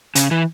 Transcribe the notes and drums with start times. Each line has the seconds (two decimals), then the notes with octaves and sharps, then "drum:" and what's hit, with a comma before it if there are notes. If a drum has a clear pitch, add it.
0.15 C#3, drum: hi-hat
0.31 E3